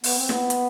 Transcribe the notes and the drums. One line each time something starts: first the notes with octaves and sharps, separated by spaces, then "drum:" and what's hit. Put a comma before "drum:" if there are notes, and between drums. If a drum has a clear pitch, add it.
B3, drum: open hi-hat
C4
B3, drum: snare
drum: hi-hat